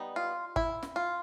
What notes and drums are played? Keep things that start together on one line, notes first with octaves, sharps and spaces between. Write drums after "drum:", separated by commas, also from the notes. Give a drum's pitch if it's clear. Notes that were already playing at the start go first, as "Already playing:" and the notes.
Already playing: G3 B3 D#4
F4
E4, drum: kick
drum: snare
F4